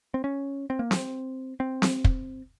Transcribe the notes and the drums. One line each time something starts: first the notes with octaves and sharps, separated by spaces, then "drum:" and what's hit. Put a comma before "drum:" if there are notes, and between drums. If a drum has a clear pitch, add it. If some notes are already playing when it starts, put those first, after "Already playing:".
C4
C#4
C4
A#3
C4, drum: snare C4
C4
drum: snare C4
drum: kick